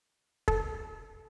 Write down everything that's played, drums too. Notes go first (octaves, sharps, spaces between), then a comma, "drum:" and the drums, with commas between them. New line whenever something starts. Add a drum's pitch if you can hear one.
A4, drum: kick